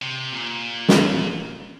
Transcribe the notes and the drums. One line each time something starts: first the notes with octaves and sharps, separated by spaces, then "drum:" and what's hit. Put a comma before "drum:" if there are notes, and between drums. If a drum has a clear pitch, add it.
C3
A#2
drum: snare